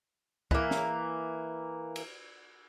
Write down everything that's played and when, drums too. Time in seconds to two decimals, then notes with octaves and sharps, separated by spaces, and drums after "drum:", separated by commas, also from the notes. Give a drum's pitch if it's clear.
0.51 E3 A#3, drum: kick
0.71 drum: snare
1.96 drum: cymbal